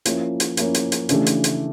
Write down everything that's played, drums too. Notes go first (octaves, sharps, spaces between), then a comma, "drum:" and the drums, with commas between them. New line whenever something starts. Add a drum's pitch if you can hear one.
F3 A#3 C#4 E4, drum: hi-hat
drum: hi-hat
F3 A#3 C#4 E4, drum: hi-hat
drum: hi-hat
drum: hi-hat
C#3 E3 A3 D4 G4, drum: hi-hat
drum: hi-hat
drum: hi-hat